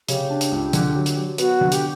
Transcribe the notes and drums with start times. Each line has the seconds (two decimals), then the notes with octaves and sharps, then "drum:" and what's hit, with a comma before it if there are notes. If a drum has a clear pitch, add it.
0.08 C#3 G4, drum: hi-hat
0.30 D4
0.41 drum: hi-hat
0.52 C#2
0.73 D3, drum: hi-hat
0.95 F#3
1.06 drum: hi-hat
1.17 F#3
1.38 B3 F#4, drum: hi-hat
1.61 D3
1.72 G4, drum: hi-hat